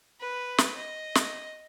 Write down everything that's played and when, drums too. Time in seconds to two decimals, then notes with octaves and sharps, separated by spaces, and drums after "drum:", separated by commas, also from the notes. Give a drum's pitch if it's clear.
0.20 B4
0.58 drum: snare
0.76 D#5
1.15 drum: snare